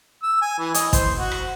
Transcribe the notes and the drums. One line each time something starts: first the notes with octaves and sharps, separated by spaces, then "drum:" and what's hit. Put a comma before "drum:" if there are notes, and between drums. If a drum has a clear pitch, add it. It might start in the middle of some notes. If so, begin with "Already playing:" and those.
E6
G#5
E3
D#5, drum: hi-hat
C5, drum: kick, hi-hat
F#4
drum: rim click